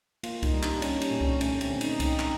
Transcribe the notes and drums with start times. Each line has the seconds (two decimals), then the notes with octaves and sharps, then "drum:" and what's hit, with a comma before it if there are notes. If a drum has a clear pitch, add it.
0.23 A#3 F4, drum: cymbal
0.43 D#4, drum: kick C2, cymbal
0.53 G3
0.63 D4, drum: clap
0.82 G3 C#4, drum: cymbal
1.01 C#4, drum: cymbal
1.11 A#2
1.21 C#4, drum: kick C2
1.41 A3 C#4, drum: cymbal
1.61 C4, drum: cymbal
1.70 D3
1.81 D#4, drum: cymbal
2.00 D3 D#4, drum: kick C2, cymbal
2.19 drum: clap